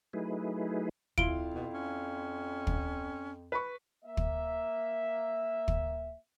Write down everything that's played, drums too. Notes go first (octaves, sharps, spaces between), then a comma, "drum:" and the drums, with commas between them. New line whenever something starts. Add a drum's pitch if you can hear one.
F#3 A3 D#4 E4 G#4 B4
F2 E4 F4 F5 D7 G7, drum: kick
B2
C#4
drum: kick
B4 B5 C#6
A#3 E5
drum: kick
drum: kick